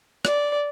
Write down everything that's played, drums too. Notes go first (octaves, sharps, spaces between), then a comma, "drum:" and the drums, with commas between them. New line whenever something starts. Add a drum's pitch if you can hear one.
D5, drum: rim click